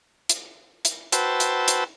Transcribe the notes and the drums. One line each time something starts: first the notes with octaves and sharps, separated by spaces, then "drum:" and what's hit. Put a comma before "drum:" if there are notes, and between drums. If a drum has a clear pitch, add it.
drum: hi-hat
drum: hi-hat
F#4 B4 C5 G5 A5 E6, drum: hi-hat
drum: hi-hat
drum: hi-hat